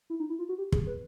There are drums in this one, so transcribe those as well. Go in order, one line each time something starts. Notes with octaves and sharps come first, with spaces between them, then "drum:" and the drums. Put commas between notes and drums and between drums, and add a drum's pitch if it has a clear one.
E4
D#4
E4
F4
F#4
G4
G#4, drum: kick
B4